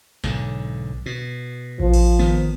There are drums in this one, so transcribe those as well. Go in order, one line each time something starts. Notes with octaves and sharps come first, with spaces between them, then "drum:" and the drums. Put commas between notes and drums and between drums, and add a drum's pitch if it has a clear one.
B1 G#2 D3, drum: snare
B2
F3, drum: kick A1
drum: cymbal
D#3 B3